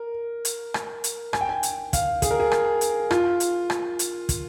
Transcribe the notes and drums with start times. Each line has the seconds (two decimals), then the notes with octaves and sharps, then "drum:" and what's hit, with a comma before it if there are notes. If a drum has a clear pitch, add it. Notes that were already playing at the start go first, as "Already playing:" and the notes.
Already playing: A#4
0.45 drum: hi-hat
0.74 drum: rim click
1.04 drum: hi-hat
1.33 G#5, drum: rim click
1.41 G5
1.49 G#5
1.63 drum: hi-hat
1.93 F5, drum: kick, hi-hat
2.22 G#4, drum: kick, hi-hat
2.31 A#4
2.40 G#4
2.51 drum: rim click
2.81 drum: hi-hat
3.11 F4, drum: rim click
3.40 drum: hi-hat
3.70 drum: rim click
3.99 drum: hi-hat
4.29 drum: kick, hi-hat